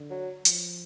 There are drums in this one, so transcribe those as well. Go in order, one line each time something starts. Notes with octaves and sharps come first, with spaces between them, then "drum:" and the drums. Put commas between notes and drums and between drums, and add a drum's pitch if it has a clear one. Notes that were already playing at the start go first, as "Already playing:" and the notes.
Already playing: D3
F#3
F3, drum: hi-hat